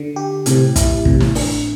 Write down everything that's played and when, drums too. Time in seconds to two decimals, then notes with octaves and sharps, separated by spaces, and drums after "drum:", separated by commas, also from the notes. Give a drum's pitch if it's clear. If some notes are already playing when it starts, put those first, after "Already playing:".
Already playing: D3
0.16 G4
0.46 A2 C3, drum: hi-hat
0.76 E4, drum: kick, hi-hat
1.05 A2 C3, drum: kick
1.20 drum: snare
1.35 D4, drum: open hi-hat